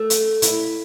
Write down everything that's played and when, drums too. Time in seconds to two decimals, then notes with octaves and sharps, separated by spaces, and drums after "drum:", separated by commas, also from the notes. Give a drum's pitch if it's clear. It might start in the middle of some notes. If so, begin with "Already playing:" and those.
Already playing: A3
0.10 drum: hi-hat
0.42 E4, drum: hi-hat